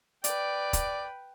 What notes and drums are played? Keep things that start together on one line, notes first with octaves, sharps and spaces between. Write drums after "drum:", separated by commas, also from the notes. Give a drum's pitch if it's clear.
B4 D5 G5, drum: hi-hat
drum: kick, hi-hat